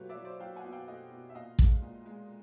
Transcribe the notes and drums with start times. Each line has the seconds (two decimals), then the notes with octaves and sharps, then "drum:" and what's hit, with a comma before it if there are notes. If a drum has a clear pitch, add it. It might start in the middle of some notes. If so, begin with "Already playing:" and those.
Already playing: F#3 A3 F4 G4 B4 C#5
0.09 D5 E5
0.17 F#3
0.25 C5 D5
0.40 F#3 F5 G5
0.56 F#5 G#5
0.64 B2
0.72 F5 G5
0.87 A3 D#5 F5
1.12 B2
1.29 E5
1.35 A#2 D#5 F5
1.59 G#3, drum: kick
1.82 A#2
2.06 G#3